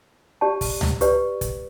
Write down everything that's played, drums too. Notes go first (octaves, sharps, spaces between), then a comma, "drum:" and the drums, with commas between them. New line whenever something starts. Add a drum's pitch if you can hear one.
G4 D5 A5
drum: kick, open hi-hat
drum: tom C#2
G4 B4 D5, drum: hi-hat
drum: kick, hi-hat